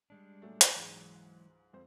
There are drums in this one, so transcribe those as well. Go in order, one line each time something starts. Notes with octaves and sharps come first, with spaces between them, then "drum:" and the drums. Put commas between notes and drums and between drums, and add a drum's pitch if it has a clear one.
G3 G#3 D4
A#2 F#3 A3
drum: hi-hat
C#2 G#2 E3 F#3 G#3
F2 C5